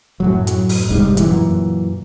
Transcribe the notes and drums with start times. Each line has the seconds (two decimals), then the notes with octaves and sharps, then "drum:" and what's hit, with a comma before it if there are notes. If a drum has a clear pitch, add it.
0.20 F#2 A2 F#3
0.47 drum: hi-hat
0.69 drum: open hi-hat
0.89 F1 G#2 C3 G3
1.17 F#2 A#2 E3, drum: hi-hat